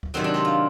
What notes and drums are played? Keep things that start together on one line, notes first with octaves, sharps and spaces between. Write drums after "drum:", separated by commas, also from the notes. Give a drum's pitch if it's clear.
drum: kick D2
C3 D#3 F#3 C4
D4
G4, drum: snare
F4